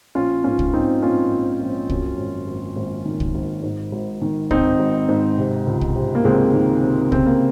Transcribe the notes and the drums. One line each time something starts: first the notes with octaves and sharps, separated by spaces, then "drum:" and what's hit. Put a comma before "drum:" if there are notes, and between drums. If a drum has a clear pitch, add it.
A#1 C#4 F4
G#2 C#4 F4
drum: kick
G#2 C4 D#4
A#1 C#4 F4
A#1
A#1
F#2, drum: kick
G#1
G#1
G#1
D#3
drum: kick
G#1
G#2
G#1
D#3
G#2 C4 D#4, drum: kick
G#1
G#2
C3
C#2
drum: kick
C3
A#3
C#2 G#3 C4
D#3
C3
C#3 C4, drum: kick
A#3